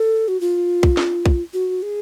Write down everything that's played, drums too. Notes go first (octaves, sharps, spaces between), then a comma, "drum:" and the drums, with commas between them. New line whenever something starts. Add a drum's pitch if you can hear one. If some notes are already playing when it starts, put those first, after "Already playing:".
Already playing: A4
F#4
F4
drum: kick
drum: snare
drum: kick
F#4
G#4